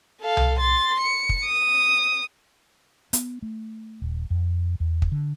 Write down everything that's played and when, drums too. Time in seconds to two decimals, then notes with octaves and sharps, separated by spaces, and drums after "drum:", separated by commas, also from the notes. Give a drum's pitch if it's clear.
0.21 A4 F5
0.37 drum: tom C2
0.59 C6 A6
1.00 C#7
1.29 drum: kick
1.45 D#6
3.13 B3, drum: hi-hat
3.42 A3
4.02 D#1
4.30 F2
4.80 E2
5.02 drum: kick
5.12 D3